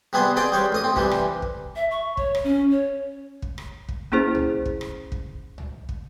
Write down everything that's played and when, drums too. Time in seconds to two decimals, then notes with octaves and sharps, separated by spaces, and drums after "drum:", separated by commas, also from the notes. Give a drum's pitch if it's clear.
0.13 C3 G3 B3 G#4 C5
0.37 C4 G#4 D5 D#5 G5
0.52 G3 C5 C#5 F5
0.72 A1 D#5 D#6
0.84 C4
0.96 C3 E3 G3, drum: kick
1.11 drum: rim click
1.42 drum: kick
1.76 E5
1.91 C#6
2.17 C#5, drum: kick
2.35 drum: rim click
2.44 C#4
2.71 C#5
3.42 drum: kick
3.58 drum: rim click
3.89 drum: kick
4.12 A#3 C#4 E4 G#4 C5
4.35 drum: tom C2
4.66 drum: kick
4.81 drum: rim click
5.12 drum: kick
5.58 drum: tom C2
5.89 drum: kick